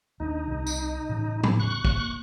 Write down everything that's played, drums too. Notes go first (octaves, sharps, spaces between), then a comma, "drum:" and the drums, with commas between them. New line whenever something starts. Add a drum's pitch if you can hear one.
D#2 B3 D4 D#4
C2 C3
drum: tambourine
A2 C#3 E3
drum: tom A2
E2 C#3 C#6 F#6
E1 A#3, drum: kick